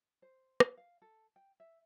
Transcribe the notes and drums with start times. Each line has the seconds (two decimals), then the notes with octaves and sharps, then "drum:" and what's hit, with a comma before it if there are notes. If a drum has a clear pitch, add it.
0.22 C5
0.60 drum: rim click
0.77 F5
1.02 A4
1.36 G5
1.60 E5